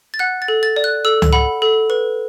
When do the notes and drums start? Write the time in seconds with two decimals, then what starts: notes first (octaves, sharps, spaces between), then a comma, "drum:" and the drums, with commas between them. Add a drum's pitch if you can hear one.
0.14 A6
0.19 F#5 F#6
0.42 A6
0.48 A4
0.63 A6
0.76 D5
0.84 F#6
1.05 A4 E6
1.22 drum: tom C#2
1.33 F#5 B5
1.62 A4
1.90 B4